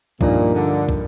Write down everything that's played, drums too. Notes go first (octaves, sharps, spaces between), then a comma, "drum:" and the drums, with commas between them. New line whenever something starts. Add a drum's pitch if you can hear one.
G2 A#2 F3 A#3 D#4, drum: kick
D3
drum: kick